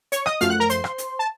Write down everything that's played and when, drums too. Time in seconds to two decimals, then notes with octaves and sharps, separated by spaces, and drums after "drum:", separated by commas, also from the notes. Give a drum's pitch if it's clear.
0.12 C#5 C#6, drum: hi-hat
0.26 D#5 D#6, drum: rim click
0.41 F#2 F3 A3 F5 F6, drum: hi-hat
0.50 F#5 F#6
0.60 A#4 A#5
0.70 C5 C6, drum: hi-hat
0.84 drum: rim click
0.98 drum: hi-hat
1.19 A5